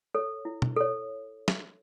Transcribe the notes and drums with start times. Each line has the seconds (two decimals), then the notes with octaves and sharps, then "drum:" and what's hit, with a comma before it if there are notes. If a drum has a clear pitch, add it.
0.14 A4 C#5
0.45 E4
0.62 drum: tom B2
0.76 A4 C#5
1.48 drum: snare